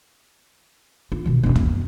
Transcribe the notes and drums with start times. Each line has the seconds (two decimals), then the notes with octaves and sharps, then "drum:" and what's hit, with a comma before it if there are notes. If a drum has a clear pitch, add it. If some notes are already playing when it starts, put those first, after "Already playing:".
1.12 F4
1.26 B2 D#3
1.43 E1 D#4
1.55 F#2 B3, drum: tom